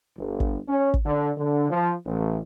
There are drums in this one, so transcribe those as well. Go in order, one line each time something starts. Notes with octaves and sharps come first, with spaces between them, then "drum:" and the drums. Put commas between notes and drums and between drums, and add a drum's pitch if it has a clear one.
G1
drum: kick
C#4
drum: kick
D3
D3
F3
A1